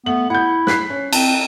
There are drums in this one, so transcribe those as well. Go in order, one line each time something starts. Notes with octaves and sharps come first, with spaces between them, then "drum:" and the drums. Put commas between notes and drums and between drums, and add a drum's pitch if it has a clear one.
A3 B3 F#7
E4 F#5 G6
F#6 B6 C7, drum: snare
C#4
C4 A5, drum: cymbal